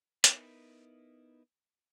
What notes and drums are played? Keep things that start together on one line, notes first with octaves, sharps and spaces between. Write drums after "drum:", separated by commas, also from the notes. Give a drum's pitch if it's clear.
B3 D#4 E4 A#4 B4, drum: hi-hat